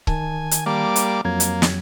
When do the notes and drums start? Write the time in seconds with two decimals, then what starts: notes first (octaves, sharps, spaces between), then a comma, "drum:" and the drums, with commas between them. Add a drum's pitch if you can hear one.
0.07 D#3 G#5 A5, drum: kick C#1
0.51 drum: hi-hat
0.66 G3 A#3 D6
0.96 drum: hi-hat
1.25 F2 F#3 A#3 G#6
1.40 drum: hi-hat
1.62 drum: snare